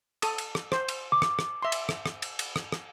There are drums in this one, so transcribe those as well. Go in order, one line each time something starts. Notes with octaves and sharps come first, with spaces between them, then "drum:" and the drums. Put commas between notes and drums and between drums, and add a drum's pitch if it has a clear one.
A4 D#6, drum: cymbal
drum: cymbal
drum: rim click
C5, drum: rim click
drum: cymbal
D6
drum: rim click
drum: rim click
E5 C6
drum: cymbal
drum: rim click
drum: rim click
drum: cymbal
drum: cymbal
drum: rim click
drum: rim click